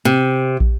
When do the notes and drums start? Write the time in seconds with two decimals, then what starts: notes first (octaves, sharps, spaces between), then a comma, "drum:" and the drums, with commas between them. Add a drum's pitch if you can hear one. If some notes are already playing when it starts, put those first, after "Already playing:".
0.05 C3
0.60 drum: kick